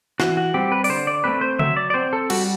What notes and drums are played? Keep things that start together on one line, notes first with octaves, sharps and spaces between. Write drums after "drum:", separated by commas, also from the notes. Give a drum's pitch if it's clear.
E3 F#4, drum: snare
F#4
G3 C4 G4
B4
D5, drum: open hi-hat
D3 C5
D5
A3 C4 B4
C5
F#3 E5, drum: tom C#3
D5
D5
C4 C5
A4
G3 F#4, drum: cymbal